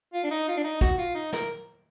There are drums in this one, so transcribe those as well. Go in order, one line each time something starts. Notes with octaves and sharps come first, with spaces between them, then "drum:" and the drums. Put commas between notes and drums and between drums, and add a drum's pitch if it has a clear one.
F4
D4
D#4
F4
D4
D#4
F#4, drum: kick
F4
D#4
A#4, drum: snare